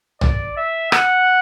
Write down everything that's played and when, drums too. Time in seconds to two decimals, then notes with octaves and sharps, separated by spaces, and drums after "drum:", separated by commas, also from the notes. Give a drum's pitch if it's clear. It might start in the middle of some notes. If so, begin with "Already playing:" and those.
0.21 D5, drum: tom B1
0.57 E5
0.92 F#5, drum: rim click